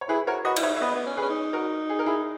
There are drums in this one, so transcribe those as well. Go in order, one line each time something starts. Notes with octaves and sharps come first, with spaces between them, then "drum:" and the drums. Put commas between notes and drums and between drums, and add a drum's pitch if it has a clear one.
C#5
E4 G#4 B4
F#4 A#4 C#5
F#4 B4 D#5
E4, drum: cymbal
D#4 C#5 E5
E5
B3 B4 D#5
B3
C#4
C#4 G#4 B4
D#4
F#4 A#4
G#4
A#4
E4 G#4